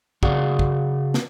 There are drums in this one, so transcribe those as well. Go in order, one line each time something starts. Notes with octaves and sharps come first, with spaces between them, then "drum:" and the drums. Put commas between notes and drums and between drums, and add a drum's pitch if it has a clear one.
C#3 F#4 G#4 D5 F5 F#5, drum: kick
drum: kick
drum: snare